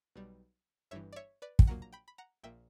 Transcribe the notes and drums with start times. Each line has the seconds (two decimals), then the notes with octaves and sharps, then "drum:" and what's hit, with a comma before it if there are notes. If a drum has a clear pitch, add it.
0.16 B1 B2 G3
0.91 G1 G2 E3 C#5 E5
1.13 D5
1.16 C#5 E5
1.42 B4 D5
1.59 G5, drum: kick
1.67 A#1 A#2 F#3 A#3 F#5 A#5
1.82 A#5
1.92 G5 B5
2.08 B5
2.18 F#5 A#5
2.43 A#1 A#2 A#3 E5 G5